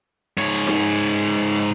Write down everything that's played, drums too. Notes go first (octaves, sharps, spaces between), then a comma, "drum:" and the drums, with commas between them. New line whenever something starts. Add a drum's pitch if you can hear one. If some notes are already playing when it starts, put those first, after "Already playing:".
G#2 C#5
drum: hi-hat
drum: snare D#4